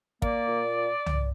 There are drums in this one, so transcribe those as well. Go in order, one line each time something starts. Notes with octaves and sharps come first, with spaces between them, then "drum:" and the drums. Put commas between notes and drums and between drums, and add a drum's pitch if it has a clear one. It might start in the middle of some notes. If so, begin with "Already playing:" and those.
A#3 D5, drum: kick
A#2
drum: tom